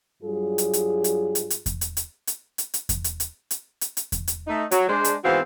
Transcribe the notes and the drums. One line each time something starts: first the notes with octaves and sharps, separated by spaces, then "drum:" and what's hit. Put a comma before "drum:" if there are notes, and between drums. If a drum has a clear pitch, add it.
G2 F#3 G3 F4 G#4
drum: hi-hat
drum: hi-hat
drum: hi-hat
drum: hi-hat
drum: hi-hat
drum: kick E2, hi-hat
drum: hi-hat
drum: hi-hat
drum: hi-hat
drum: hi-hat
drum: hi-hat
drum: kick E2, hi-hat
drum: hi-hat
drum: hi-hat
drum: hi-hat
drum: hi-hat
drum: hi-hat
drum: kick E2, hi-hat
drum: hi-hat
A3 D#4
F#3, drum: hi-hat
G#3 D4 C5
drum: hi-hat
G#2 E3 B3 C4 F#4 F5